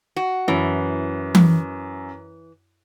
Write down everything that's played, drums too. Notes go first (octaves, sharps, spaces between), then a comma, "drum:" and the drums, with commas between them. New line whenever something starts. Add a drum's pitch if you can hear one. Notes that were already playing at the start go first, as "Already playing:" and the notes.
F#4
F#2 E3
drum: tom E3